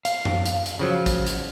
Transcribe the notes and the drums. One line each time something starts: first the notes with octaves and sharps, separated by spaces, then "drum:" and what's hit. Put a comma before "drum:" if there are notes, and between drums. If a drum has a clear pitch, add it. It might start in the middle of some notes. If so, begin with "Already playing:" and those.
F5, drum: hi-hat
drum: tom F#2
drum: hi-hat
drum: hi-hat
C#3 F3 F#3
drum: kick, hi-hat
drum: hi-hat